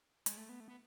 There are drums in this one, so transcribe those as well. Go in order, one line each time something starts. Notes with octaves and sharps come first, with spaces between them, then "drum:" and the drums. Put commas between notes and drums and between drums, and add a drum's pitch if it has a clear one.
G#3, drum: hi-hat
A3
B3
A3
B3